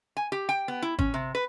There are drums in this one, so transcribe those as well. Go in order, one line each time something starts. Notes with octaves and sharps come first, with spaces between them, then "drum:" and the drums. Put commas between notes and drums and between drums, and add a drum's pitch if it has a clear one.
G#5
G4
G5
B3
E4
C#4, drum: kick G#1
C3
B4